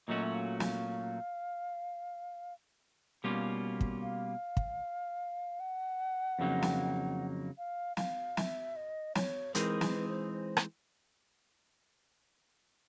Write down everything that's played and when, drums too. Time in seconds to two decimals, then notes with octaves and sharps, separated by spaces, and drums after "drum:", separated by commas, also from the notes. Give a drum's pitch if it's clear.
0.08 A#2 F#3 A3 C#4 F#4 D#5
0.23 E5
0.34 F5
0.60 F5, drum: snare
3.24 B2 G3 A#3 C#4 F4
3.81 drum: kick
4.02 F5
4.57 drum: kick
5.60 F#5
6.39 F2 C#3 F#3 A#3 D#4
6.62 drum: snare
7.58 F5
7.97 F5, drum: snare
8.37 E5, drum: snare
8.76 D#5
9.15 C#5, drum: snare
9.55 E3 G#3 C4 D#4 G#4 A#4, drum: hi-hat
9.81 B4, drum: snare
10.08 C5
10.33 C5
10.57 drum: rim click